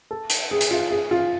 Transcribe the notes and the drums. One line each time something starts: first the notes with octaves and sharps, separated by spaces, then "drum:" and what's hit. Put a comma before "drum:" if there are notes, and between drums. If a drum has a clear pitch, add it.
A4
drum: hi-hat
G#4
drum: hi-hat
F4
G#4
F4